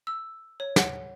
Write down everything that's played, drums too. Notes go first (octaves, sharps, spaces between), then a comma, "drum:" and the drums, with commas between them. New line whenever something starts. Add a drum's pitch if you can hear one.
E6
C#5
F#5, drum: snare